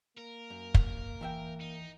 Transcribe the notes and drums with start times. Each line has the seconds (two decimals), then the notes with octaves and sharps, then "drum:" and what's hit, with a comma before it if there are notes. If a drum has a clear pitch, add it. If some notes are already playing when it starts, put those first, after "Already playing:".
0.17 A#3 A#4
0.50 F#2
0.74 drum: kick
1.21 E3 E5 G5
1.61 D#4